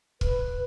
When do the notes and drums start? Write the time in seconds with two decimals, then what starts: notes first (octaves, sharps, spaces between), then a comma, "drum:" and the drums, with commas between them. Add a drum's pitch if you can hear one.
0.21 B4, drum: kick